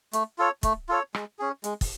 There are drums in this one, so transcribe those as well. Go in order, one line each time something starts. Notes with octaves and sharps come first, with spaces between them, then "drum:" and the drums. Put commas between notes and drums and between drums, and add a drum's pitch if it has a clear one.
A3, drum: hi-hat
F4 A4 C#5
A3, drum: kick, hi-hat
F4 A4 C#5
G#3, drum: rim click
C#4 G#4
G#3, drum: hi-hat
drum: kick, open hi-hat